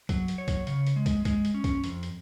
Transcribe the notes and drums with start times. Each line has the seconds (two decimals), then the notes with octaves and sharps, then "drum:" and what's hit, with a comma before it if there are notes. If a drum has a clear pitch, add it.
0.09 F#3, drum: kick, hi-hat
0.28 drum: hi-hat
0.38 C#5
0.48 drum: kick, hi-hat
0.67 C#3, drum: hi-hat
0.87 drum: hi-hat
0.96 G#3
1.06 drum: kick, hi-hat
1.25 G#3, drum: kick, hi-hat
1.45 drum: hi-hat
1.54 C#4
1.64 drum: kick, hi-hat
1.84 F2, drum: hi-hat
2.03 drum: hi-hat